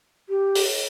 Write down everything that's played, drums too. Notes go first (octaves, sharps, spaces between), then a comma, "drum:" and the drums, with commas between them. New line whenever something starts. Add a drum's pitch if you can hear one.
G4
drum: open hi-hat